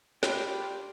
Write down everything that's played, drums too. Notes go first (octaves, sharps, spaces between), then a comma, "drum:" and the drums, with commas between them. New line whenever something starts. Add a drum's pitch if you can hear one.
D4 F4 G4 G5 B5, drum: snare